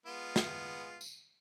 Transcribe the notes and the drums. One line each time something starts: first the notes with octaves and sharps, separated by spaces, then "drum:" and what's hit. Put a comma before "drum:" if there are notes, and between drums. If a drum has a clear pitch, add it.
G#3 B3 F4
drum: snare
drum: tambourine